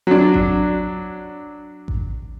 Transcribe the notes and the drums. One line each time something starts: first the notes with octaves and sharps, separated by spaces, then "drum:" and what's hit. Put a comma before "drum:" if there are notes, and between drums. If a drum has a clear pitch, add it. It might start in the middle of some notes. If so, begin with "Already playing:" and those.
F#3 D4
drum: kick A1
drum: kick A1